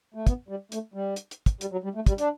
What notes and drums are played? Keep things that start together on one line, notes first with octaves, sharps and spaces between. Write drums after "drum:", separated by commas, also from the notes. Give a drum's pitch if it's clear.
A3
B3, drum: kick, hi-hat
G3
A3, drum: hi-hat
G3
drum: hi-hat
drum: hi-hat
drum: kick, hi-hat
G3, drum: hi-hat
F#3
G3
A3
G3, drum: kick, hi-hat
D4, drum: hi-hat